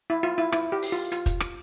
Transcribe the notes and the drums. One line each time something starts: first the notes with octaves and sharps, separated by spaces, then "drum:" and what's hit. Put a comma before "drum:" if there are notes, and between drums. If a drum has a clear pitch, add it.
E4
F4
E4
E4, drum: rim click
G4
drum: open hi-hat
F4
F4, drum: hi-hat
drum: kick, hi-hat
drum: rim click